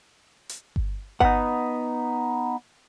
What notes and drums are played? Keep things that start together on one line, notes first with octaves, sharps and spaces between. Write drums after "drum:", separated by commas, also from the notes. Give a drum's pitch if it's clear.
drum: hi-hat
drum: kick G1
B3 D#4 F#5, drum: kick G1